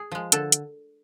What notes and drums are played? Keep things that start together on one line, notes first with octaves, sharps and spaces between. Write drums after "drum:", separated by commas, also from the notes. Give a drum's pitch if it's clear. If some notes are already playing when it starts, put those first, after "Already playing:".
Already playing: G#4
F3 G#3
D3 A4, drum: hi-hat
drum: hi-hat